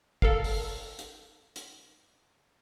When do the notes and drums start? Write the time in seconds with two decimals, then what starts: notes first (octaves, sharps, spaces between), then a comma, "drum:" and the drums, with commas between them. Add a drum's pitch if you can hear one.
0.22 A4 A#4 F5, drum: kick G1
0.44 drum: open hi-hat
0.99 drum: hi-hat
1.56 drum: hi-hat